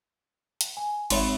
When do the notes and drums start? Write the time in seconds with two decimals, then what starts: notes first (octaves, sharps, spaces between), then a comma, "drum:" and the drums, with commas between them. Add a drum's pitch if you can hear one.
0.61 drum: hi-hat
0.77 G#5
1.10 G#1 C#5 E5 B5 C6, drum: cymbal